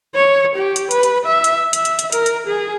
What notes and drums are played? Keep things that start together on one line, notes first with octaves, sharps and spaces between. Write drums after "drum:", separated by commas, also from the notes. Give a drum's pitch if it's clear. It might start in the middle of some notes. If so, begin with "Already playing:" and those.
C#5
G4
drum: hi-hat
B4, drum: hi-hat
drum: hi-hat
E5
drum: hi-hat
E5, drum: hi-hat
drum: hi-hat
drum: hi-hat
A#4, drum: hi-hat
drum: hi-hat
G#4